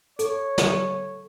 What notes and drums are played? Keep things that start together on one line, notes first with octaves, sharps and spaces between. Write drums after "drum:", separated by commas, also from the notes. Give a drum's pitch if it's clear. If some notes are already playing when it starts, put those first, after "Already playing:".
A4 C#5, drum: hi-hat
drum: snare